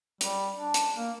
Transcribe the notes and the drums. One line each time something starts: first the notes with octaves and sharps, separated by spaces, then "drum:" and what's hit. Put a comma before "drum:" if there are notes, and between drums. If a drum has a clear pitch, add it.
G3, drum: hi-hat
D4
drum: hi-hat
A#3